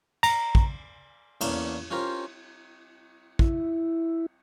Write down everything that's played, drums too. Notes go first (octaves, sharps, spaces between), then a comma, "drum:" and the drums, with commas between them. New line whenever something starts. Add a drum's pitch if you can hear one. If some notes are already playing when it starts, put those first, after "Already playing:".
A#5, drum: cymbal
drum: kick
E2 C#3 A#3 C#4 D4, drum: cymbal
C#4 F4 G4 A#4 C5
E4, drum: kick